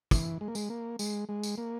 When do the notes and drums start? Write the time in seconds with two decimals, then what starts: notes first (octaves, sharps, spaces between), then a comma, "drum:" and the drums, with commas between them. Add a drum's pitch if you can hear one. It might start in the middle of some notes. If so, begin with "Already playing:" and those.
0.11 E3, drum: kick, tambourine
0.41 G#3
0.48 A#3
0.55 G#3, drum: tambourine
0.70 A#3
0.99 G#3, drum: tambourine
1.29 G#3
1.43 drum: tambourine
1.58 A#3